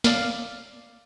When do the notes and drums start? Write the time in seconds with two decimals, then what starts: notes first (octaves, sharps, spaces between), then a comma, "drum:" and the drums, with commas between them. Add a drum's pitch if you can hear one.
0.04 D5 F5, drum: snare